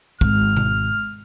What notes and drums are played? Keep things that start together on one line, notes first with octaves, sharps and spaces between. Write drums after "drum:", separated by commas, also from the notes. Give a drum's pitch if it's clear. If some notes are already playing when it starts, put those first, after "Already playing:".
G#1 F6, drum: kick
drum: tom B2